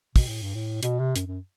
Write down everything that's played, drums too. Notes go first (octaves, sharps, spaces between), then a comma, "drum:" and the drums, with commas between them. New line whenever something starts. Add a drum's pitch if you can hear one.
B2, drum: kick, open hi-hat
A2
G2
A2
B2, drum: hi-hat
C3
F#2, drum: hi-hat
F#2